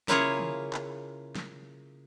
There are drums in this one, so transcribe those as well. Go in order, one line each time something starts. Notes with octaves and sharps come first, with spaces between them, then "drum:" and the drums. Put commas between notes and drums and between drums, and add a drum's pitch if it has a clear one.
C#3 A#3 E4 F4 G#4 C#5, drum: snare
drum: tom
drum: clap
drum: snare